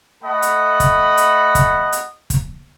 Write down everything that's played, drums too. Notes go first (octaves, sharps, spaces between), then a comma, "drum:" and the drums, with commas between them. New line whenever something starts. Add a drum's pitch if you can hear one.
A3 A4 D#5 F#5 B5
drum: hi-hat
drum: kick, hi-hat
drum: hi-hat
drum: kick, hi-hat
drum: hi-hat
drum: kick, hi-hat